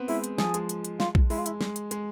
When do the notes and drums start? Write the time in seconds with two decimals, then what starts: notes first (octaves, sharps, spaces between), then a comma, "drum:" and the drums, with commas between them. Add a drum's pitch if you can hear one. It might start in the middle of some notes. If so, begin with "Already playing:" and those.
Already playing: B3 C4
0.08 G#3 E4, drum: open hi-hat
0.24 drum: hi-hat
0.38 F3 G#4, drum: snare
0.54 G#3, drum: hi-hat
0.69 drum: hi-hat
0.85 drum: hi-hat
1.00 F4, drum: snare
1.15 drum: kick A#1
1.30 G#3 E4, drum: open hi-hat
1.38 F4
1.46 E4, drum: hi-hat
1.61 G#3, drum: snare
1.76 drum: hi-hat
1.91 G#3, drum: hi-hat